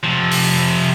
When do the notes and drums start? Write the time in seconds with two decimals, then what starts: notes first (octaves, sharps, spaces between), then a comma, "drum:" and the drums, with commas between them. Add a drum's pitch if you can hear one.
0.04 C3 F3
0.32 drum: open hi-hat